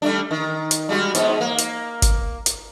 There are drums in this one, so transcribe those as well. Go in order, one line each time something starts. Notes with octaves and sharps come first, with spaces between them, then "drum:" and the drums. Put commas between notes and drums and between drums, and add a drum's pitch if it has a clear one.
G3 A3 D4
D#3
drum: hi-hat
G3 G#3 F#4
G#2 B3, drum: hi-hat
A#3
drum: hi-hat
drum: kick G1, hi-hat
drum: hi-hat